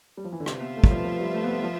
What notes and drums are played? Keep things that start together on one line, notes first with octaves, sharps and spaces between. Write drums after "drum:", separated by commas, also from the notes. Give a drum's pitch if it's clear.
G3
F3
E3
D3
C3 F4 B4 E5, drum: rim click
B3
A3
G3, drum: kick
F3
F3
G3
A3
B3
A3
F3